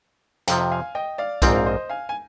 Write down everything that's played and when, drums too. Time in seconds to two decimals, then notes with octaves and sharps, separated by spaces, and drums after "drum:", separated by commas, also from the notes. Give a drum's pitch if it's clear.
0.48 F2 C3 F3 G5 A#5, drum: hi-hat
0.72 F5 G#5
0.95 D#5 G5
1.18 D5 F5
1.42 A#1 G#2 F3 C4 A#4 D5, drum: kick B1, hi-hat
1.56 F5
1.66 C5 D#5
1.89 F5 G#5
2.09 G#5